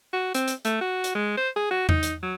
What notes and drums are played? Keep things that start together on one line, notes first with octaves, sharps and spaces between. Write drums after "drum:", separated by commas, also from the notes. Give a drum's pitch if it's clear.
F#4
C4, drum: hi-hat
drum: hi-hat
A3, drum: hi-hat
F#4
drum: hi-hat
G#3
C5
G#4
F#4
D#4, drum: tom E2
drum: hi-hat
F#3